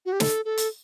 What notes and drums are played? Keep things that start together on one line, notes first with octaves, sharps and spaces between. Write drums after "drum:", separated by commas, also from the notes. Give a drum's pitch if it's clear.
F#4
G4
A4, drum: snare
A4
drum: hi-hat